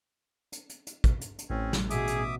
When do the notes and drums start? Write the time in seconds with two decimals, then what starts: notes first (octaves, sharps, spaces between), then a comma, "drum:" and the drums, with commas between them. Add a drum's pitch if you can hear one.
0.52 drum: hi-hat
0.69 drum: hi-hat
0.87 drum: hi-hat
1.04 drum: kick, hi-hat
1.21 drum: hi-hat
1.39 drum: hi-hat
1.50 A1 C4 C#4
1.73 drum: snare
1.90 B2 G#4 E5 D6 D#6, drum: hi-hat
2.08 drum: hi-hat